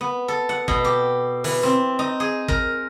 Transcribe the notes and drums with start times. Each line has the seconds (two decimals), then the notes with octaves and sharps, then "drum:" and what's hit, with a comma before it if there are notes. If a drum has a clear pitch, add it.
0.01 B3
0.28 A4
0.49 F#5
0.68 B2, drum: kick
0.85 G4
1.44 E3, drum: open hi-hat
1.63 C4
1.99 D#4
2.20 G#4
2.48 A#4, drum: kick